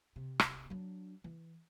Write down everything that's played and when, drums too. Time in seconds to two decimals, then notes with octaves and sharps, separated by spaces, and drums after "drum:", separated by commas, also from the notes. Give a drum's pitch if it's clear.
0.16 C3
0.39 drum: rim click
0.70 F#3 D4
1.24 E3